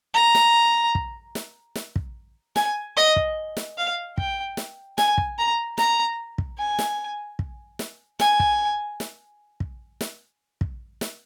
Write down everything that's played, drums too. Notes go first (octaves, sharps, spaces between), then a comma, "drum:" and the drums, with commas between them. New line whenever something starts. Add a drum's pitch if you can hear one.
A#5
drum: snare
drum: kick
drum: snare
drum: snare
drum: kick
G#5, drum: snare
D#5
drum: kick
drum: snare
F5
G5, drum: kick
drum: snare
G#5, drum: snare
drum: kick
A#5
A#5, drum: snare
drum: kick
G#5
drum: snare
drum: kick
drum: snare
G#5, drum: snare
drum: kick
drum: snare
drum: kick
drum: snare
drum: kick
drum: snare